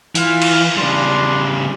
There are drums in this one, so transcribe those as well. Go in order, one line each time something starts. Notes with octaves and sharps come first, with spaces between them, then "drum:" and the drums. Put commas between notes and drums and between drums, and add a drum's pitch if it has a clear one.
E3 F4 F5, drum: hi-hat
drum: cymbal
C#3 G3 D4 C6